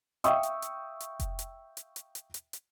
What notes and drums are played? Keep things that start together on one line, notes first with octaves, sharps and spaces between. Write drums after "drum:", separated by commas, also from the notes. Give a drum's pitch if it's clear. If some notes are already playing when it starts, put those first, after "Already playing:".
E5 F5 G5 C#6 D#6 E6, drum: hi-hat
drum: hi-hat
drum: hi-hat
drum: hi-hat
drum: kick F1, hi-hat
drum: hi-hat
drum: hi-hat
drum: hi-hat
drum: hi-hat
drum: hi-hat
drum: hi-hat